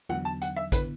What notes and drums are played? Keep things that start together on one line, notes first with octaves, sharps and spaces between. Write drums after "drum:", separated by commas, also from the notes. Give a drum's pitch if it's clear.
E2 D3 F#3 B3 D4 F#5, drum: tom
A5
F#5, drum: hi-hat
E5
D3 B3 E4 B4, drum: kick A1, hi-hat